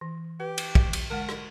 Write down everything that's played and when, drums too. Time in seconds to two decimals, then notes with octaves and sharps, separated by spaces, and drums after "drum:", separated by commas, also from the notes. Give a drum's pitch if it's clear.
0.01 E3
0.40 G4 B4
0.58 drum: cymbal
0.75 drum: kick
0.93 drum: cymbal
1.10 D3 G#3 A#4 F#5
1.29 drum: rim click